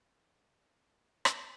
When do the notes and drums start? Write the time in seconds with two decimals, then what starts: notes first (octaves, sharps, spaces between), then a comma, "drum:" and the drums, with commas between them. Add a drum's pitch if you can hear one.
0.20 G5
1.25 drum: rim click